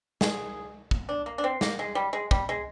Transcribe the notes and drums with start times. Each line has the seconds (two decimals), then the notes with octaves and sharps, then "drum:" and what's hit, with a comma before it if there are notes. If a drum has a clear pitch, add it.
0.21 G#4, drum: snare
0.91 drum: kick
1.09 D4
1.26 A#3
1.38 D4
1.44 C4
1.61 A#3, drum: snare
1.79 G#3
1.95 G3
2.13 G#3
2.31 G3, drum: kick
2.49 G#3